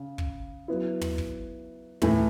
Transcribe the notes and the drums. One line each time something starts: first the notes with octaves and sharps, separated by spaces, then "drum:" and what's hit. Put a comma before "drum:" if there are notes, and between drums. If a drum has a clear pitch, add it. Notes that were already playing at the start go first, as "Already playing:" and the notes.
Already playing: C#3
drum: kick
F#3 B3 E4
drum: tom
drum: kick
A2 E3 A3 E4, drum: tom